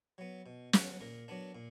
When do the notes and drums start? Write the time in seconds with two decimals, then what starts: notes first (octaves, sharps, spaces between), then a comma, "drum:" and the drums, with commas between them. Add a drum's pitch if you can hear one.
0.18 F#3 B3
0.46 B2
0.73 F#3 B3, drum: snare
1.01 A#2 A#4
1.28 F#3 B3 D4
1.55 A#2